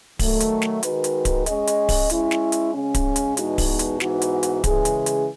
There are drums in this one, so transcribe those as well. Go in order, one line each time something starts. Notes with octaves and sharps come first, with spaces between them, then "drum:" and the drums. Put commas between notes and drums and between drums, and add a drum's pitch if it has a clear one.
D#3 F#3 A3, drum: kick D1, open hi-hat
drum: hi-hat
drum: snare
D#3 G#3 D#4 F#4 B4, drum: hi-hat
drum: hi-hat
drum: kick D1, hi-hat
G#3 C#4 G#4 D#5, drum: hi-hat
drum: hi-hat
drum: kick D1, open hi-hat
G#3 C#4 E4, drum: hi-hat
drum: snare
drum: hi-hat
C#3 G#3 C#4
drum: kick D1, hi-hat
drum: hi-hat
E2 B2 G#3 D#4 F#4, drum: hi-hat
drum: kick D1, open hi-hat
drum: hi-hat
G#2 E3 B3 D#4 F#4, drum: snare
drum: hi-hat
drum: hi-hat
C#3 E3 G#3 C#4 G#4, drum: kick D1, hi-hat
drum: hi-hat
drum: hi-hat